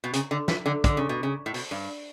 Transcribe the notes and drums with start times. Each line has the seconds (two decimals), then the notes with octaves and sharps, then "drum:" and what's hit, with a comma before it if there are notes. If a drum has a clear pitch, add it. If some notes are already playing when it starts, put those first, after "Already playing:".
0.04 B2
0.13 C#3, drum: hi-hat
0.31 D3
0.48 E3, drum: snare
0.66 D3
0.84 D3, drum: kick, hi-hat
0.97 C#3
1.09 B2
1.23 C#3
1.46 A2
1.54 B2, drum: open hi-hat
1.71 G2